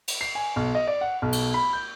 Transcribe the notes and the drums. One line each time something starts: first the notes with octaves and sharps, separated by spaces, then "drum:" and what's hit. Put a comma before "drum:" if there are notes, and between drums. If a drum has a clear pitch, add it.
drum: cymbal
C7
G#5
B1
D#5
D5
F#5
B1
drum: cymbal
B5
G6